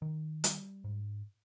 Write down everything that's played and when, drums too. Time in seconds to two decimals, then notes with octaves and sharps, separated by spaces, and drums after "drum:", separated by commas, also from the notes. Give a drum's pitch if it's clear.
0.02 D#3
0.44 G3, drum: hi-hat
0.84 G#2